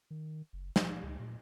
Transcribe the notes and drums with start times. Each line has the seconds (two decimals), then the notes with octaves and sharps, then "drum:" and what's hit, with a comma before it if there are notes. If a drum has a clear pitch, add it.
0.11 D#3
0.53 F#1
0.76 F3, drum: snare
1.03 C#2
1.19 A#2